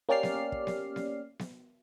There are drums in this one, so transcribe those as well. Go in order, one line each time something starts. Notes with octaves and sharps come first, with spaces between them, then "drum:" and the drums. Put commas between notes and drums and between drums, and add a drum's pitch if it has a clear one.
A#3 C#4 G4 D5 F6 C7
drum: snare B3
drum: kick
drum: snare B3
drum: snare B3
drum: snare B3